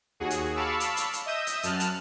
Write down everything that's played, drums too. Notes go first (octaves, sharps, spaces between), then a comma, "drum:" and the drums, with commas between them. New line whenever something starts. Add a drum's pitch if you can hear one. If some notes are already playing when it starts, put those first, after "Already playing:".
D#2 F#4 G#4
drum: hi-hat
F5 A5 B5 C#6 D6 E6
drum: hi-hat
drum: hi-hat
drum: hi-hat
D#5 E5 D#6 G6 E7
drum: hi-hat
F#2 A5 F6 F#6, drum: hi-hat
drum: hi-hat